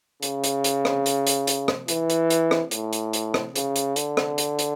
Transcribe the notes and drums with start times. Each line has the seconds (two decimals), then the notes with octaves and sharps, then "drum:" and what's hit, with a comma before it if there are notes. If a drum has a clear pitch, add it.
0.23 C#3, drum: hi-hat
0.44 drum: hi-hat
0.64 drum: hi-hat
0.85 drum: rim click
1.06 drum: hi-hat
1.27 drum: hi-hat
1.47 drum: hi-hat
1.68 drum: rim click
1.88 E3, drum: hi-hat
2.10 drum: hi-hat
2.30 drum: hi-hat
2.51 drum: rim click
2.71 A2, drum: hi-hat
2.93 drum: hi-hat
3.13 drum: hi-hat
3.34 drum: rim click
3.56 C#3, drum: hi-hat
3.76 drum: hi-hat
3.96 D3, drum: hi-hat
4.17 drum: rim click
4.38 drum: hi-hat
4.59 drum: hi-hat